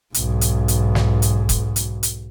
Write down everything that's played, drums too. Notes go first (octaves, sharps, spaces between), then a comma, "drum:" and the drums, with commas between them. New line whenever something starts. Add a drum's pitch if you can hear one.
B1 G#2, drum: hi-hat
drum: hi-hat
drum: hi-hat
drum: snare
drum: hi-hat
drum: kick, hi-hat
drum: hi-hat
drum: hi-hat